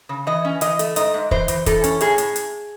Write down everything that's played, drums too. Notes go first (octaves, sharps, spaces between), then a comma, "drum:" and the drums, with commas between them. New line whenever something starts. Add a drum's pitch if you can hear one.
C#3
E3 D#5
C#4
E3 D#5, drum: hi-hat
A3, drum: hi-hat
G#2 D#5, drum: hi-hat
G#2
E3 C5, drum: kick
E3, drum: hi-hat
E3 A4, drum: kick, hi-hat
C#4, drum: hi-hat
A2 G#4, drum: hi-hat
A2, drum: hi-hat
drum: hi-hat